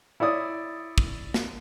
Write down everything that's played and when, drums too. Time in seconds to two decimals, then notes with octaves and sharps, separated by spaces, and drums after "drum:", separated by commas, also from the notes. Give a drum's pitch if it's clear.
0.20 E4 C#5 D5 D#6
0.98 drum: kick
1.34 drum: snare